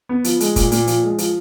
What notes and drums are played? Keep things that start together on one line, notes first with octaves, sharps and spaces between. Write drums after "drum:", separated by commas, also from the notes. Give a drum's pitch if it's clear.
B3
F3, drum: hi-hat
G#3, drum: hi-hat
A#2, drum: kick, hi-hat
A#2, drum: hi-hat
F3, drum: hi-hat
G#3
F3, drum: hi-hat